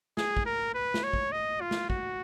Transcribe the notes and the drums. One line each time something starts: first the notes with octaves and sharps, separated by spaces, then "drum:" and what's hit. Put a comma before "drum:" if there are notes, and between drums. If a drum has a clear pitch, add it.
G#4, drum: snare
drum: kick
A#4
B4
drum: snare
C#5
drum: kick
D#5
F4
drum: snare
F#4, drum: kick